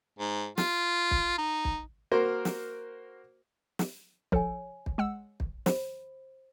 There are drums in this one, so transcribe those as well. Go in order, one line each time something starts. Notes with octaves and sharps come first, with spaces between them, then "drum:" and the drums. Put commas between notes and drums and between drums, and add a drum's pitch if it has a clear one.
G#2
F4, drum: snare
drum: kick
D#4
drum: kick
A#3 F#4 A#4 C5
drum: snare
drum: snare
F3 A4 C#5 G#5, drum: kick
drum: kick
G#3 F#5 E6
drum: kick
C5 B5, drum: snare